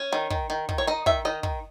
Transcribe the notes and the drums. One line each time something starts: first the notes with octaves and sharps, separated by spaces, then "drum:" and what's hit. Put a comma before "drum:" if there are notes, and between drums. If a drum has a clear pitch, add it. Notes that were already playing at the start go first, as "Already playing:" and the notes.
Already playing: C#4
D#3
D#3, drum: kick
D#3
D#3, drum: kick
C#5
D#4 D#5
D#3 E5, drum: kick
D#3 D#5
D#3, drum: kick